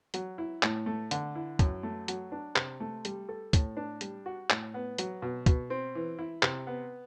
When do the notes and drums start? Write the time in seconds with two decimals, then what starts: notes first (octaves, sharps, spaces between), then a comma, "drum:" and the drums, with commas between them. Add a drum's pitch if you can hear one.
0.14 F#3, drum: hi-hat
0.38 E4
0.63 A2, drum: clap
0.86 A3
1.11 D3, drum: hi-hat
1.35 E4
1.59 F#2, drum: kick, hi-hat
1.83 A3
2.08 F#3, drum: hi-hat
2.32 D4
2.56 C3, drum: clap
2.80 A3
3.05 G3, drum: hi-hat
3.29 A4
3.53 A2, drum: kick, hi-hat
3.77 D4
4.01 G3, drum: hi-hat
4.26 F#4
4.50 A2, drum: clap
4.74 B3
4.98 F#3, drum: hi-hat
5.22 B2
5.46 B2, drum: kick, hi-hat
5.70 C4
5.95 E3
6.19 E4
6.43 C3, drum: clap
6.67 B3